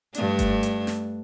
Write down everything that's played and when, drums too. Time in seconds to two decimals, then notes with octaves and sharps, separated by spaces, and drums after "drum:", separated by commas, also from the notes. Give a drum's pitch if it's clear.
0.15 G2 A3 D4, drum: hi-hat
0.39 drum: kick F#1, hi-hat
0.63 drum: hi-hat
0.87 drum: snare